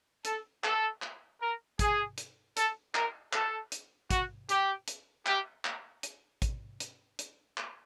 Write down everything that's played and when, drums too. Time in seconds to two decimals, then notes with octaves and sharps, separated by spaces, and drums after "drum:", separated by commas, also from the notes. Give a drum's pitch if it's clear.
0.25 A4, drum: hi-hat
0.64 A4, drum: clap
1.02 drum: clap
1.40 A#4
1.79 G#4, drum: kick, hi-hat
2.18 drum: hi-hat
2.57 A4, drum: hi-hat
2.95 A#4, drum: clap
3.33 A4, drum: clap
3.72 drum: hi-hat
4.10 F#4, drum: kick, hi-hat
4.49 G4, drum: hi-hat
4.88 drum: hi-hat
5.26 G4, drum: clap
5.65 drum: clap
6.03 drum: hi-hat
6.42 drum: kick, hi-hat
6.80 drum: hi-hat
7.19 drum: hi-hat
7.58 drum: clap